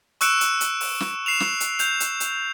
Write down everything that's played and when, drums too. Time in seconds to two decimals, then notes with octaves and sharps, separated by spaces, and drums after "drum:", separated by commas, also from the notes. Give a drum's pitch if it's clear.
0.21 C#6 E6 F#6 C#7 D7 E7, drum: hi-hat
0.41 drum: hi-hat
0.61 drum: hi-hat
0.81 drum: open hi-hat
1.00 drum: snare
1.26 C7 E7 F7
1.40 drum: snare
1.60 drum: hi-hat
1.79 G6 F7, drum: hi-hat
2.00 drum: hi-hat
2.20 drum: hi-hat